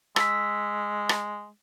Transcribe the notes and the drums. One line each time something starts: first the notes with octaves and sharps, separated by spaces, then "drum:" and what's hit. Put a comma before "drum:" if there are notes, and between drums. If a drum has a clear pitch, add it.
G#3 E6 B6, drum: rim click
drum: rim click